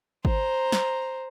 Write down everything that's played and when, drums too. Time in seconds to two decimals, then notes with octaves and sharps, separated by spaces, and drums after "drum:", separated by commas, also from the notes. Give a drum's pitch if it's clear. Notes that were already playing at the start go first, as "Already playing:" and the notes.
0.25 C5 A#5, drum: kick G#1
0.72 drum: snare